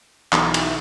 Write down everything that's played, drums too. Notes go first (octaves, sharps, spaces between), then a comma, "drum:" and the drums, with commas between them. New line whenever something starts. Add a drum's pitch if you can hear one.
B1 E3, drum: clap
drum: cymbal